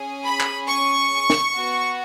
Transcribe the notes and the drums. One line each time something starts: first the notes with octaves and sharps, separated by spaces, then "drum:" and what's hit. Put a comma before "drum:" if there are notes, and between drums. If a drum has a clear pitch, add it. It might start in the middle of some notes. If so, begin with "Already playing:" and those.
Already playing: C#4 G#4
B5
drum: clap
C#6
drum: snare
B3 F#4